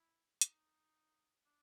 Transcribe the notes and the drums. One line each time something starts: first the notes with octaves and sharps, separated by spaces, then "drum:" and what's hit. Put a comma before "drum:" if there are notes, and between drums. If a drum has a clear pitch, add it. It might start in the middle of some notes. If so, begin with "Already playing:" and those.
Already playing: E4
D#4, drum: hi-hat
D4